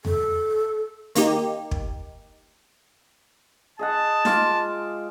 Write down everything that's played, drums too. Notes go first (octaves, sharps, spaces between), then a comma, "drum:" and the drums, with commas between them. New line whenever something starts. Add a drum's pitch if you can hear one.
A4, drum: tom E2
D#3 A#3 D#4 G4, drum: hi-hat
drum: kick
G#4 D#5 F#5 A5
G#3 F4 D6, drum: snare D#4